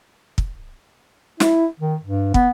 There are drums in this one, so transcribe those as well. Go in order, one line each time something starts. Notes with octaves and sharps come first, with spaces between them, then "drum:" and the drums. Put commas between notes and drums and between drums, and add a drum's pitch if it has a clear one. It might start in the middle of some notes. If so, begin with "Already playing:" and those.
drum: kick
E4, drum: snare
D#3
G2
B3, drum: kick